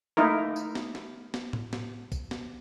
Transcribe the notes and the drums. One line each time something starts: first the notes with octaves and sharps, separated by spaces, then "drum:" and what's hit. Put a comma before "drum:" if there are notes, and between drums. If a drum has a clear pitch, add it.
A3 A#3 D#4 E4 A#4
drum: tambourine
drum: snare
drum: snare
drum: snare
drum: tom A2
drum: snare
drum: kick, tambourine
drum: snare